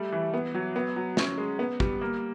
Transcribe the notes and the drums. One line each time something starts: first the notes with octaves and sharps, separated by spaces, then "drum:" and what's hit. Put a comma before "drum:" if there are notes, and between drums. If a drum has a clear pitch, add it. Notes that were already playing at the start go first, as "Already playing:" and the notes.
Already playing: G3 A3
E3
B3
F#3
B3
F#3
C#4, drum: snare
G#3
B3
G3, drum: kick
A#3